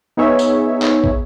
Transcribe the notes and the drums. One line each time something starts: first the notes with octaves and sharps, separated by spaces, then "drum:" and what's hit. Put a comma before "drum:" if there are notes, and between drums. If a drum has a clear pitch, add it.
B3 D#4 G#4 C#5 E5
drum: tambourine
drum: clap
drum: kick